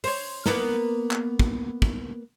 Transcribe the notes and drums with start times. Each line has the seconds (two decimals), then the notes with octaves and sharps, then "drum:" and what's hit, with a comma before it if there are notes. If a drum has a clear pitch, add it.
0.04 C5 C#5, drum: open hi-hat
0.46 A#3 B3, drum: snare
1.11 drum: clap
1.40 drum: kick
1.82 drum: kick